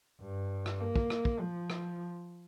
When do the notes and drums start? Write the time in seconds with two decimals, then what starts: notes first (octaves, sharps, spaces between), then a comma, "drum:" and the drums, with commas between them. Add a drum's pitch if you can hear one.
0.21 G2
0.66 drum: rim click
0.81 A#3
0.96 drum: kick
1.10 drum: rim click
1.25 drum: kick
1.39 F3
1.70 drum: rim click